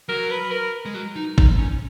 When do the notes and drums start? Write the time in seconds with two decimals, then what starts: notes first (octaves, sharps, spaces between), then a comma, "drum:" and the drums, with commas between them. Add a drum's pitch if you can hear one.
0.09 F#3 A#4
0.31 B4
0.51 A#4
0.85 G#3
0.94 F#3
1.16 D#4
1.38 D#4, drum: kick
1.59 C#4